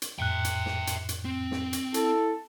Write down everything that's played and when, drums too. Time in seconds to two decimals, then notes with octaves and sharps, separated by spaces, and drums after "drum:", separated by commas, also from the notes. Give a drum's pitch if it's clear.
0.02 drum: hi-hat
0.19 F2 A2 E5 G5 F#6
0.44 drum: hi-hat
0.66 drum: snare
0.87 drum: hi-hat
1.09 drum: hi-hat
1.25 C4
1.51 drum: snare
1.73 drum: hi-hat
1.94 E4 A4, drum: hi-hat